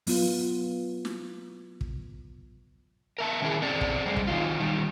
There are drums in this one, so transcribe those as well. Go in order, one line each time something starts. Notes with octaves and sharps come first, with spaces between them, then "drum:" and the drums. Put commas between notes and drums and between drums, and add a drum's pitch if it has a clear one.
F#3 B3 F4, drum: open hi-hat
drum: snare
drum: kick
A#4 E5 A5
D#3 C#4 E4 G#4 A#4
C4 G#4 A4 D5
drum: kick
G3 G#3 C4
drum: kick
D#3 F#3 F4
D#3 G3